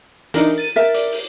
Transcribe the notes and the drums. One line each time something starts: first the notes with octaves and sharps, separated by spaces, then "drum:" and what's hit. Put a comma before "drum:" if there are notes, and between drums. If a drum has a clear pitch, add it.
E3 D4 D#4 A#4, drum: hi-hat
A6 D#7
A#4 E5 A6
D5, drum: hi-hat
drum: open hi-hat